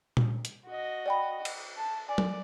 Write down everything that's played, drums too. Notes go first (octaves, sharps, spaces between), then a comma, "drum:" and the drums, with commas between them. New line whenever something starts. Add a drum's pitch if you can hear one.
drum: tom A#2
drum: hi-hat
F#4 D#5
D5 G5 B5
drum: cymbal
A5
D5 G#5
drum: tom F#3